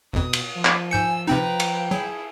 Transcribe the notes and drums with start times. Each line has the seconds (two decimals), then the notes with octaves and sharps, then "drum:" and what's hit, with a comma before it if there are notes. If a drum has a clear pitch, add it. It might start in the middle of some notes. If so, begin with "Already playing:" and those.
0.13 G1 F2 B2 D#6
0.33 drum: cymbal
0.55 F3
0.65 drum: clap
0.91 G#2 G#5 E6 G6 C#7
1.27 C3 C4 D#4 B4 G5 A#5
1.60 drum: cymbal
1.91 F#3 E4 G#4